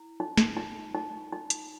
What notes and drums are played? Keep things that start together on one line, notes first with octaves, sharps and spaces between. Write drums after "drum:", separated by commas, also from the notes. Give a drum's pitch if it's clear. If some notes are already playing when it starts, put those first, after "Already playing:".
Already playing: E4
D#4
drum: snare
D#4
D#4
D#4
drum: hi-hat